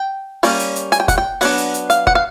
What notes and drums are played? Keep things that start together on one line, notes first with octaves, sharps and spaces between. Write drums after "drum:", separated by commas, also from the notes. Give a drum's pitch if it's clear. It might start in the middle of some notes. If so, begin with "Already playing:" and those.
Already playing: G5
G3 A#3 C#4, drum: open hi-hat
drum: hi-hat
drum: hi-hat
G#5, drum: hi-hat
G5
F#5, drum: kick, hi-hat
G5
F#3 B3 D4 F#5, drum: open hi-hat
drum: hi-hat
drum: hi-hat
F5, drum: hi-hat
F#5, drum: kick
F5